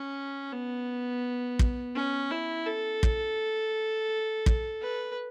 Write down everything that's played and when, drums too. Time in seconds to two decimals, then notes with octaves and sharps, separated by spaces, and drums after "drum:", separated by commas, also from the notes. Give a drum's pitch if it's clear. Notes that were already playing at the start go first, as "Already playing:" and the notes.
Already playing: C#4
0.52 B3
1.59 drum: kick
1.95 C#4
2.31 E4
2.67 A4
3.03 drum: kick
4.46 drum: kick
4.82 B4